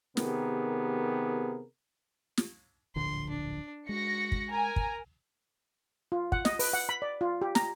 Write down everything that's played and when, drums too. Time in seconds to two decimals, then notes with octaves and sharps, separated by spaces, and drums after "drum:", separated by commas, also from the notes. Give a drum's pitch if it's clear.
0.17 C3 D#3 B3 G4 G#4 A#4, drum: snare
2.37 drum: snare
2.96 D1 A#1 D3 C6
3.30 D4
3.89 G#3 F#4 A#6 C#7
4.32 drum: kick
4.51 A#4 G#5 A#5
4.76 drum: kick
6.12 F4
6.32 F#5, drum: kick
6.45 D#5, drum: snare
6.59 B4, drum: open hi-hat
6.73 F#5
6.89 B5
7.02 D5
7.21 F4
7.42 G4
7.55 A#5, drum: snare